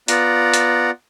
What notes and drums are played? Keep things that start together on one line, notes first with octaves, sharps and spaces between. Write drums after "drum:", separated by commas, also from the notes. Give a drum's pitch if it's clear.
B3 F4 D5 F#5 A#5, drum: hi-hat
drum: hi-hat